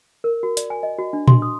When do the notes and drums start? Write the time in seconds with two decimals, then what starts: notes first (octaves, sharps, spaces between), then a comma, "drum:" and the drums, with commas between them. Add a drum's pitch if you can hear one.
0.24 A#4
0.43 F#4
0.57 D5, drum: hi-hat
0.70 G#5
0.83 D#5
0.98 F#4
1.13 D4
1.28 C6, drum: tom A#2
1.42 D#6